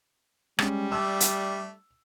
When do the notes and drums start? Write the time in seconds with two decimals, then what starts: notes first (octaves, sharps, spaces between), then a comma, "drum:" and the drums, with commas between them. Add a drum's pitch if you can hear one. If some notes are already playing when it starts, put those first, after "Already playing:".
0.59 G3 G#3 C#4, drum: rim click
0.92 A3 D4 E6
1.20 drum: hi-hat